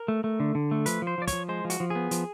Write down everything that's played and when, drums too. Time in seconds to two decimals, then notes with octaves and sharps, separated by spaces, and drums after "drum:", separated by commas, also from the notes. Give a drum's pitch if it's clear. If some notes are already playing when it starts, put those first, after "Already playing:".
Already playing: A#4
0.08 A3
0.24 A3
0.40 D3
0.55 D3
0.71 A3
0.86 F3 B4, drum: hi-hat
1.02 F3
1.07 C5
1.18 F3 D5
1.27 C#5, drum: kick, hi-hat
1.33 F3
1.49 G#3 C5
1.65 F3
1.70 F#4, drum: hi-hat
1.80 F3
1.90 B3 G#4
2.11 F3, drum: hi-hat